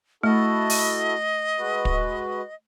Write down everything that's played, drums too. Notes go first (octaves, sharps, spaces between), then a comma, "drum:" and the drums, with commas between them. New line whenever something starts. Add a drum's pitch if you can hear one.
A3 E4 F#4 A4 D#5
drum: open hi-hat
G#3 F#4 B4
drum: kick